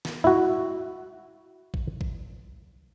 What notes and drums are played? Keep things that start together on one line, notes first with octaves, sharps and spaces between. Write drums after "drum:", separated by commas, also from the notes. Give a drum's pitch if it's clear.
drum: snare
E4 F#4, drum: tom G3
drum: kick A1
drum: kick A1